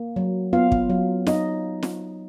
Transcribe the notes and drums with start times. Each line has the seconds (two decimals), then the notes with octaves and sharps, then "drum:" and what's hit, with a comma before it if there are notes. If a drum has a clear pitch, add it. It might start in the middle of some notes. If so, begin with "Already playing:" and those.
Already playing: A#3
0.16 F#3
0.53 B3 F4 F5
0.72 drum: kick
0.90 F#3
1.27 D#4 D#5, drum: snare
1.83 drum: snare